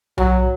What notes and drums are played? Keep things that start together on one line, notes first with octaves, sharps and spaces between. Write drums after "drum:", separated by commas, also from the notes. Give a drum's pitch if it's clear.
F#3, drum: tom B1